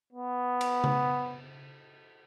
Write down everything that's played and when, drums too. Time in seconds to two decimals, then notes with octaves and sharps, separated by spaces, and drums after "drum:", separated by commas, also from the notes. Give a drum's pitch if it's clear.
0.13 B3
0.61 drum: cymbal
0.84 drum: tom C#3